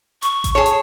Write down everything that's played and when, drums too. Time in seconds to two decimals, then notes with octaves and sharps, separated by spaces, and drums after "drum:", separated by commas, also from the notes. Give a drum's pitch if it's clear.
0.22 C#6, drum: hi-hat
0.44 drum: kick A1, hi-hat
0.55 G#4 C#5 A5
0.66 drum: hi-hat